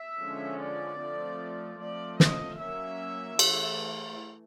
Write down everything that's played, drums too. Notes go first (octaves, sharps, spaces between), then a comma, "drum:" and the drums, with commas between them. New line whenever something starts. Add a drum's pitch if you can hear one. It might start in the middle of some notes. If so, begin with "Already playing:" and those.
Already playing: E5
D3 F3 G#3 C#4
D5
F3 A3 C4
F3 A3 C4 D5
D#5, drum: snare
F#3 A#3 C#4 E5
E3 A3, drum: cymbal